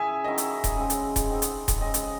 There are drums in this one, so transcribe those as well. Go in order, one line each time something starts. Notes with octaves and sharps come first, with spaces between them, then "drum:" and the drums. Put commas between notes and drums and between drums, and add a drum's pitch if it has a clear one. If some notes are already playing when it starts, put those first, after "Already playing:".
Already playing: C#4 E4 G#4 E5 G#5
D#3 F#3 C#4 E4 D#5
drum: hi-hat
drum: kick D#1, hi-hat
C#3 G#3 C4
drum: hi-hat
drum: kick D#1, hi-hat
F#3 C4 D#4
drum: hi-hat
drum: kick D#1, hi-hat
C#3 G#3 C4 D#5
drum: hi-hat